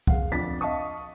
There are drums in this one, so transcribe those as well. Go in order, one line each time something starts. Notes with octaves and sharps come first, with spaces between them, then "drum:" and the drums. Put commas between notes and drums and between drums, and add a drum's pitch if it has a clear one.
G#3 F5 F#5, drum: kick
F2 D4 A6 B6
D#5 F5 A5 C#6 D#6